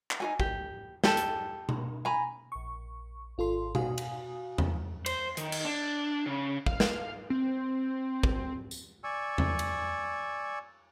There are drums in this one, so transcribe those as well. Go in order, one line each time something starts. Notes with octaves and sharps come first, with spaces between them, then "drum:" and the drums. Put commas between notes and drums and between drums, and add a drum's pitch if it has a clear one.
drum: clap
D#4 F#4 G#5
G4, drum: kick
G4 A4 A5, drum: snare
drum: hi-hat
drum: tom B2
G#5 A#5 B5
A#1 C#6
G#1 F4 A4 C6
F#4 F5 G#5 D#6, drum: tom B2
drum: cymbal
drum: tom E2
C5, drum: cymbal
D#3, drum: hi-hat
drum: cymbal
D4
C#3
F5, drum: kick
drum: snare
C4
drum: kick
drum: tambourine
D5 G#5 C#6 E6
drum: tom E2
drum: cymbal